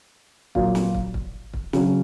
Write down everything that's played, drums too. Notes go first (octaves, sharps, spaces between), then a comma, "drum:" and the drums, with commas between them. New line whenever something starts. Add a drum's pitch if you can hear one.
A#2 F#3 A#3 F4, drum: kick
drum: snare
drum: kick
drum: kick
drum: kick
C#3 F#3 C#4 F#4, drum: snare